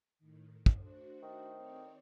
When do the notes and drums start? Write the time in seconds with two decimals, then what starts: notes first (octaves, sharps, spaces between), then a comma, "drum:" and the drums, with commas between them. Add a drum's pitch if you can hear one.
0.19 A2 D#3
0.66 drum: kick
0.79 A3 D4 F#4 C5
1.22 D#3
1.55 C4 C#5 D5